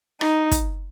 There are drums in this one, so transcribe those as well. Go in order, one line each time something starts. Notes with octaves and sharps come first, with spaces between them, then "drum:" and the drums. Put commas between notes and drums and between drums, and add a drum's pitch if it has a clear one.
D#4, drum: rim click
drum: kick, hi-hat